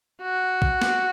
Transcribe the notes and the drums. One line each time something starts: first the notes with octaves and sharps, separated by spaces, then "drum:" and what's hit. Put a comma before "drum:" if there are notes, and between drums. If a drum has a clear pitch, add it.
F#4
drum: kick
drum: snare